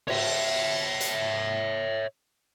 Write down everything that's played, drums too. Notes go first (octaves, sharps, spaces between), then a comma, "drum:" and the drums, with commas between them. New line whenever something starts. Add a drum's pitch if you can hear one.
C#5 E5, drum: cymbal
drum: hi-hat